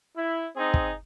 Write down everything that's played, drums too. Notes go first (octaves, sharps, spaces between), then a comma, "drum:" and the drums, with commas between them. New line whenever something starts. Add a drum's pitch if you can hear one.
E4
C4 D#4 G#4
drum: kick